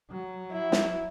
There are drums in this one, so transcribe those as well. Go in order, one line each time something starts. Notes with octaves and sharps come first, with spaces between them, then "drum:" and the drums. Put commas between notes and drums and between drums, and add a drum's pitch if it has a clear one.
F#3
E4
drum: snare